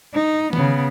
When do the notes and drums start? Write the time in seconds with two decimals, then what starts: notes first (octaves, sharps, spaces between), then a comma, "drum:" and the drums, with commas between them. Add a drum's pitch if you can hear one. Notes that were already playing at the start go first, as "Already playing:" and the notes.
0.14 D#4
0.53 C#3 B3, drum: tom D#3